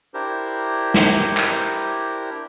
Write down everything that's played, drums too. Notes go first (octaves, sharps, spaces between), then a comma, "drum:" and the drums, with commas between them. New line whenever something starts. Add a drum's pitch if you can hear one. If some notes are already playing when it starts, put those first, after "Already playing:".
D4 E4 G4 A#4 C5
drum: snare
drum: clap